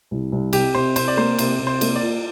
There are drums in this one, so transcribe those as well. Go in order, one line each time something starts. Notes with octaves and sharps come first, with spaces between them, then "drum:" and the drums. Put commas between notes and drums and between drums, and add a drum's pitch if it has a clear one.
C2
C2
C3 G4, drum: cymbal
C3 C5
C3 C5, drum: cymbal
D5
A#3 C5
C3 C5, drum: cymbal
C3
C5
A#3, drum: cymbal
D5
F4